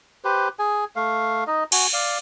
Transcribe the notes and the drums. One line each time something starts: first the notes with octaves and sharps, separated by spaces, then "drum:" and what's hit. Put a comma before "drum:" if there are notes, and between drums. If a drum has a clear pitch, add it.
G4 B4 C5
G#4 G#5
A3 F5
D#4 D#5
F#4 G#5, drum: cymbal
D5 F5